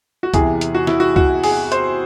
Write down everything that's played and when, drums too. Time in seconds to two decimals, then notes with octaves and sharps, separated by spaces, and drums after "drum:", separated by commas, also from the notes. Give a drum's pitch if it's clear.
0.23 F#4
0.34 E2 C3 E3 G#4, drum: kick, hi-hat
0.61 drum: hi-hat
0.75 F#4
0.87 E4, drum: snare
1.00 F#4
1.16 F#4, drum: kick
1.44 G#4, drum: open hi-hat
1.72 C5, drum: hi-hat